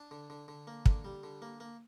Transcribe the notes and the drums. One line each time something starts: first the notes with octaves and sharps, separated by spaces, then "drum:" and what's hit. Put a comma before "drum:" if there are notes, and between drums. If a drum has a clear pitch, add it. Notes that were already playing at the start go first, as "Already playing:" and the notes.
Already playing: D4
D3
D3
D3
A#3
D3, drum: kick
G3
D3
A#3
A#3